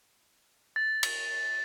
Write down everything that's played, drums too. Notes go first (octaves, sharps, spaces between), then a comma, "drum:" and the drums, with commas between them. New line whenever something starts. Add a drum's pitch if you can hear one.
A6
drum: cymbal